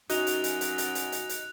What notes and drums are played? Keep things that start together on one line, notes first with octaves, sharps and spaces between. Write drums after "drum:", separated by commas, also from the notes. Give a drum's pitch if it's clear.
F#2 D#4 F#4 G#5 F#6 F7, drum: hi-hat
drum: hi-hat
drum: hi-hat
drum: hi-hat
drum: hi-hat
drum: hi-hat
drum: hi-hat
drum: hi-hat